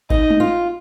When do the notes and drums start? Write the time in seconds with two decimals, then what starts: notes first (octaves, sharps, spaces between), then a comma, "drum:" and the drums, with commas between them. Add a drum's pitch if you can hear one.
0.10 D#4 D#5, drum: kick G#1
0.30 drum: tom G#3
0.40 F4